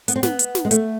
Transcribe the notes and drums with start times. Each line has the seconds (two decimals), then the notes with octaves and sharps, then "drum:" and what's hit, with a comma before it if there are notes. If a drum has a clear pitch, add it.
0.08 B3, drum: hi-hat
0.16 C4
0.23 B3, drum: snare
0.39 drum: hi-hat
0.55 drum: snare
0.65 G#3
0.71 A3, drum: hi-hat